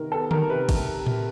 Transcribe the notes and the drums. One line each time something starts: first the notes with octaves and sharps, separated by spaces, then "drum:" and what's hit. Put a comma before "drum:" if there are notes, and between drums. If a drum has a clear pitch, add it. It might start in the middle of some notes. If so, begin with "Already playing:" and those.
Already playing: C3 D#3 B3 A#4
B3 A4
D#3 A#4, drum: tom D3
C3 B4
drum: kick, cymbal
drum: tom A2